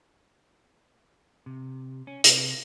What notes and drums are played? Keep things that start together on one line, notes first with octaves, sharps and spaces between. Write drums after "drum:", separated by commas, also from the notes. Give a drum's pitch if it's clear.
C3
C#4
C3, drum: hi-hat